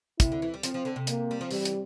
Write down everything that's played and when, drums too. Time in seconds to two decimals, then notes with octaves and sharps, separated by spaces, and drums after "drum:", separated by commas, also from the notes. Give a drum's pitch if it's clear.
0.20 C3 E4, drum: kick, hi-hat
0.32 D3
0.42 E3
0.54 G3
0.63 F3 C4, drum: hi-hat
0.74 F3
0.85 D3
0.96 C3
1.07 A#3, drum: hi-hat
1.31 G3
1.41 F3
1.51 E3 G3, drum: open hi-hat
1.65 drum: hi-hat